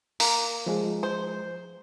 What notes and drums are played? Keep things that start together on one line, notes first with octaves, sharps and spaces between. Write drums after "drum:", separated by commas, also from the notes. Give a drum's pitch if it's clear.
A#3, drum: open hi-hat
F3 G#3
C5